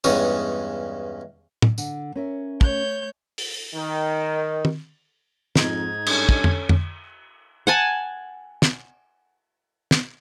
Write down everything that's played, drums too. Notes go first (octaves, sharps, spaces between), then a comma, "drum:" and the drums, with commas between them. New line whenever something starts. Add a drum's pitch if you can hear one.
E2 G2 G#3 C#4 D#6, drum: tambourine
drum: tom
D3, drum: tambourine
C#4 A#4 E5
A3 C#5 G6, drum: kick
drum: open hi-hat
D#3
drum: tom
F2 G#2 D#4 G#6, drum: snare
G2 C#4 A4, drum: cymbal
drum: kick
drum: tom
drum: tom
F#5 G#5 A5
drum: snare
drum: snare